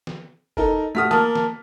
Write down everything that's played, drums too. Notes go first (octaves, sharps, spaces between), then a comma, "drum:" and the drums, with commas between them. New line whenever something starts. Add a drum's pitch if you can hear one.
drum: snare
D#4 A4 A#4, drum: kick F#1
A3 F#4 D#6 F6 B6
A#3 A5 D#6 F6, drum: snare
drum: snare